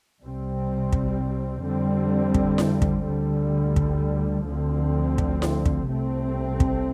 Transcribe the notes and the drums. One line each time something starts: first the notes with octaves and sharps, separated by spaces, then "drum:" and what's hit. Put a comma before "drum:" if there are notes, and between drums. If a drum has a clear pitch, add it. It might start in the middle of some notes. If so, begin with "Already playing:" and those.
C2 C3 G3 C4
drum: kick
F2 D3 G3 C4
drum: kick
drum: snare E4
drum: kick
D2 D3 G3
drum: kick
D2 D3 F3 C4
drum: kick
drum: snare E4
drum: kick
C2 C3 A3 C4
drum: kick